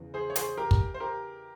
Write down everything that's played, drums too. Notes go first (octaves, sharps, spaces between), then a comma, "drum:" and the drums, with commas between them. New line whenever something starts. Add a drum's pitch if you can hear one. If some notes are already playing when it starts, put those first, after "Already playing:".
Already playing: E2 C#3 E3
G#4 C5
C#5
G#4 C5, drum: hi-hat
G4 A#4
drum: kick
C5
G4 A#4